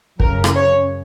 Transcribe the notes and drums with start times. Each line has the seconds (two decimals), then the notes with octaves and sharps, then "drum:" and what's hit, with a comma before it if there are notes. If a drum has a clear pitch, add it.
0.20 F#2 C#3 A#4, drum: kick
0.44 drum: rim click
0.55 C#5